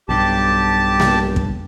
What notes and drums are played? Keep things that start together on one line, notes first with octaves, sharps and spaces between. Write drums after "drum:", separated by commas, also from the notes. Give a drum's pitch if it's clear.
B1 G2 G4 A5
drum: snare A#3
drum: kick